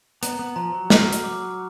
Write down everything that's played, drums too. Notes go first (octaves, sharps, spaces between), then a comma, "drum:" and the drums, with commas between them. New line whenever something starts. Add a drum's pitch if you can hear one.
B3 A#5, drum: hi-hat
B3
F3 A#5
F#3
F6, drum: snare
drum: hi-hat
D6